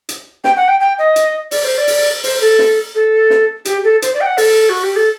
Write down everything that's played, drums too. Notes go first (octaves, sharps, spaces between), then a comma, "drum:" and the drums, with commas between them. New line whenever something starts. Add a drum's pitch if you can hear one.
drum: hi-hat
G5, drum: snare
F#5
G5
G5
D#5
drum: hi-hat
D5, drum: open hi-hat
C5
D5
drum: open hi-hat
C5, drum: open hi-hat
A4
drum: snare
A4
drum: snare
G4, drum: hi-hat
A4
C5, drum: hi-hat
D5
G5
F#5
A4, drum: open hi-hat
F#4
G4
A4